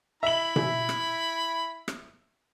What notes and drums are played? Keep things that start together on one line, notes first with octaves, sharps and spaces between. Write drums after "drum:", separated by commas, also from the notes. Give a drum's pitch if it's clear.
E4 E5 B5 F#7
drum: tom B2
drum: rim click
drum: rim click